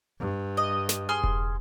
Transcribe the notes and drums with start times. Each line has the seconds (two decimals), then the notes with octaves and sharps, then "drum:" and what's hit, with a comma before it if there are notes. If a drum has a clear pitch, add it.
0.19 G2
0.57 D#5
0.89 drum: snare
1.09 G#4 C6 F6
1.24 drum: kick E1